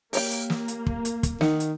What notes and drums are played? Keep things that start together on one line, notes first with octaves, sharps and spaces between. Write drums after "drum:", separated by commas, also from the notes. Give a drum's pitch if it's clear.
A#3 G4 C#5 G5, drum: open hi-hat
drum: hi-hat
drum: snare
drum: hi-hat
drum: kick
drum: hi-hat
drum: kick, hi-hat
D#3 D#4 F#5, drum: snare
drum: hi-hat